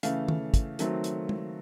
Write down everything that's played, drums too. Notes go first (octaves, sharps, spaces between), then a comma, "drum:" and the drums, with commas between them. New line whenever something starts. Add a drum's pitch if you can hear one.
C#3 E3 A3 F5, drum: hi-hat
drum: tom
drum: kick, hi-hat
D#3 F#3 A3 C4, drum: hi-hat
drum: hi-hat
drum: tom